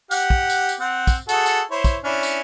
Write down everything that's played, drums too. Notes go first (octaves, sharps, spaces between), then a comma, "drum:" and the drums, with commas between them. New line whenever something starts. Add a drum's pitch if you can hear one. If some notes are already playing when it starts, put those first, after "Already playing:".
G4 F#5, drum: tambourine
drum: kick
drum: tambourine
drum: tambourine
C4 F#5
drum: kick, tambourine
F#4 G#4 A4, drum: tambourine
drum: tambourine
E4 C5 C#5
drum: kick, tambourine
C#4 D4 E4
drum: tambourine